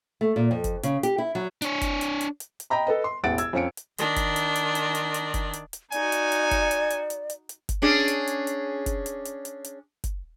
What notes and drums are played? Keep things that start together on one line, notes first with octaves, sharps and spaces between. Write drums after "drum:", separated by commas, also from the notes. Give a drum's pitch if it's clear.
A3
A#2
F2
drum: kick, hi-hat
C#3, drum: hi-hat
G4, drum: hi-hat
E4
F#3
D4 C#5, drum: hi-hat
drum: kick, hi-hat
drum: hi-hat
drum: hi-hat
drum: hi-hat
drum: hi-hat
D#5 G5 A#5 B5
A4 B4 D#5
C6
E1 A1 F#5 A6 D7
E6 G#6, drum: hi-hat
F2 C#4 F5 C#7 D7
drum: hi-hat
D#3 D4, drum: hi-hat
drum: kick, hi-hat
drum: hi-hat
drum: hi-hat
drum: hi-hat
drum: hi-hat
drum: hi-hat
drum: kick, hi-hat
drum: hi-hat
drum: hi-hat
D#4 F#4 D5 G#5, drum: hi-hat
drum: hi-hat
drum: hi-hat
drum: kick, hi-hat
drum: hi-hat
drum: hi-hat
drum: hi-hat
drum: hi-hat
drum: hi-hat
drum: kick, hi-hat
C#4 D4 G#4
drum: hi-hat
drum: hi-hat
drum: hi-hat
drum: kick, hi-hat
drum: hi-hat
drum: hi-hat
drum: hi-hat
drum: hi-hat
drum: kick, hi-hat